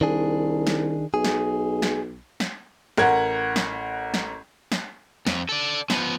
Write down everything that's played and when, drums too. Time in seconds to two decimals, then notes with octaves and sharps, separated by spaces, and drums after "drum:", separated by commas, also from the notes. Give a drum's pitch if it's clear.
0.01 C2 D#3 D4 G#4
0.67 drum: snare
1.14 B1 G#4
1.24 drum: snare
1.82 drum: snare
2.40 drum: snare
2.97 A1 A#4 F#5 G#6, drum: snare
3.56 drum: snare
4.14 drum: snare
4.72 drum: snare
5.27 F2, drum: snare
5.49 A4 D5
5.90 F3 B3, drum: snare